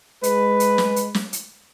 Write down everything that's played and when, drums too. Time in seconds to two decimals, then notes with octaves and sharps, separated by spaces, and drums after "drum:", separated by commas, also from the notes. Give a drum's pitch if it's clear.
0.23 G#3 B4, drum: hi-hat
0.60 drum: hi-hat
0.78 drum: snare
0.96 drum: hi-hat
1.14 drum: snare
1.33 drum: hi-hat